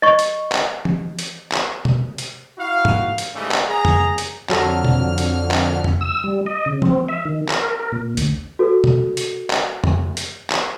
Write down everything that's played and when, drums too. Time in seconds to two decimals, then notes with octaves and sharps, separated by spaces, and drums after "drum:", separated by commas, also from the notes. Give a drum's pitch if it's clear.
0.02 D#5 C#6
0.19 drum: hi-hat
0.52 drum: clap
0.85 drum: tom
1.19 drum: hi-hat
1.52 drum: clap
1.85 drum: tom B2
2.18 drum: hi-hat
2.58 E4 F#4 F5
2.85 drum: tom G#2
3.18 drum: hi-hat
3.34 G#2 C#3 E3 G3 A3
3.51 drum: clap
3.68 G#4 A#5
3.85 drum: tom F2
4.18 drum: hi-hat
4.50 F2 D3 F#3 A4 A#5 F6, drum: clap
4.85 drum: tom B2
5.18 drum: hi-hat
5.51 drum: clap
5.84 drum: tom F2
6.01 E6
6.24 G3
6.46 D#5
6.66 C#3
6.82 C4, drum: tom
7.08 E5
7.25 D#3
7.49 A#4, drum: clap
7.79 A#4
7.92 A#2
8.17 D2, drum: hi-hat
8.59 F#4 A4 B4
8.84 drum: tom B2
9.17 drum: hi-hat
9.50 drum: clap
9.84 drum: tom F2
10.17 drum: hi-hat
10.50 drum: clap